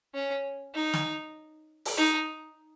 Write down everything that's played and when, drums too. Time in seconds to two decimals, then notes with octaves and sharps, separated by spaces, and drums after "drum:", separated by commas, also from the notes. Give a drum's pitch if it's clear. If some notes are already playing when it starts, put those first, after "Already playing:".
0.14 C#4
0.75 D#4
0.93 drum: snare
1.85 drum: open hi-hat
1.97 D#4